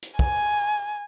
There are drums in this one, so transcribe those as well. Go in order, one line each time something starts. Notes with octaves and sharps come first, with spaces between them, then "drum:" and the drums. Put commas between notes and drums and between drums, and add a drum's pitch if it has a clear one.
drum: hi-hat
G#5, drum: kick